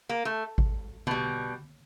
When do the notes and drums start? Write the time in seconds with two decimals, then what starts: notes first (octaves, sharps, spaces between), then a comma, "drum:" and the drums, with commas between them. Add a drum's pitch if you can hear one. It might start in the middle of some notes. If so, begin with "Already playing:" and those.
0.09 A#3
0.25 A3
0.58 drum: kick G#1
1.07 B2 G3, drum: tom D3